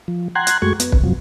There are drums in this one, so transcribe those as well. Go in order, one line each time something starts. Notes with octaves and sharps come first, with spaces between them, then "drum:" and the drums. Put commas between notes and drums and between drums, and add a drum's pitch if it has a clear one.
F3
F#5 G5 A#5 C6 F#6 G#6
drum: hi-hat
F#2 G#3 A3 F#4 C#6 G#6
B3, drum: hi-hat
drum: kick
F#2 C3 F3 F#3